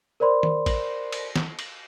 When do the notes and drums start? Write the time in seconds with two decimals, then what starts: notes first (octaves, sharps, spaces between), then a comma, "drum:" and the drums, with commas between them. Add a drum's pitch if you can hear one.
0.20 A#4 C5 D5 B5 C6
0.43 drum: tom D#3
0.66 drum: kick, cymbal
1.12 drum: cymbal
1.36 drum: snare
1.59 drum: cymbal